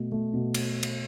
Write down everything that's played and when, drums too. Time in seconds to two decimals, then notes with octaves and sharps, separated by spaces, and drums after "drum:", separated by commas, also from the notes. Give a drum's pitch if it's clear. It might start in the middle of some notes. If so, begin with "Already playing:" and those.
Already playing: B2 A3
0.12 A3
0.34 B2
0.54 drum: cymbal
0.83 drum: cymbal